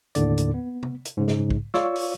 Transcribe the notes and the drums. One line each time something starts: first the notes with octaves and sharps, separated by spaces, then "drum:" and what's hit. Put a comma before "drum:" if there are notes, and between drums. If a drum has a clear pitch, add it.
D#2 A2 D3 D5, drum: hi-hat
drum: hi-hat
B3
drum: tom C3
drum: hi-hat
G#2 C#3
drum: snare
drum: kick
F4 C#5 D5 F5 C#6 E6, drum: snare
drum: open hi-hat